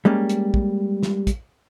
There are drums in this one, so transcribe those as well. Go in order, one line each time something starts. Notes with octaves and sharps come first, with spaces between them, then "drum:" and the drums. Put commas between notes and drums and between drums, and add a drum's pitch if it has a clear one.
G3 G#3 A#3 C#4
drum: hi-hat
drum: kick
drum: snare
drum: kick, hi-hat